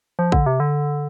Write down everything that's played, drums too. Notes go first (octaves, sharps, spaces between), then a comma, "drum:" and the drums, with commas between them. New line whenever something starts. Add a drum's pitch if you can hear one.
F3
D3, drum: kick
C3
D3